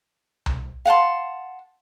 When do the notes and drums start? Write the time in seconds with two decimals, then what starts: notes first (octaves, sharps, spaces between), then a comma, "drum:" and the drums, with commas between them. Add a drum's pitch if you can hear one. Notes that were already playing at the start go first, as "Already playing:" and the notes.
0.46 drum: tom C2
0.85 F5 F#5 A5 C6